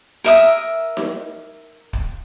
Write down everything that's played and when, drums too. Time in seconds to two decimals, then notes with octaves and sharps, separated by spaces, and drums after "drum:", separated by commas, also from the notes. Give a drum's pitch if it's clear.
0.24 A#4 E5 D#6
0.97 drum: snare D#4
1.93 drum: kick